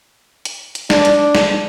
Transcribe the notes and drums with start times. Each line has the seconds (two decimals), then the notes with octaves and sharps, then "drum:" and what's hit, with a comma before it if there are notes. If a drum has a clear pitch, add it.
0.45 drum: hi-hat
0.75 drum: hi-hat
0.90 D4, drum: snare
1.05 drum: hi-hat
1.35 drum: snare